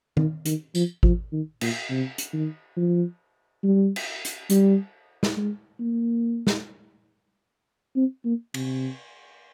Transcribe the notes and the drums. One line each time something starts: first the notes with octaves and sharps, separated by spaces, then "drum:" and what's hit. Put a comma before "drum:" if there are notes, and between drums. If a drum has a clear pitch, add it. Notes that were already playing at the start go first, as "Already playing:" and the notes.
D#3, drum: tom D#3
D#3, drum: hi-hat
F3, drum: tambourine
F3, drum: kick G#1
D#3
A#2, drum: cymbal
C3
drum: hi-hat
D#3
F3
G3
drum: cymbal
drum: hi-hat
G3, drum: hi-hat
drum: snare
G#3
A#3
drum: snare
C4
A#3
C3, drum: cymbal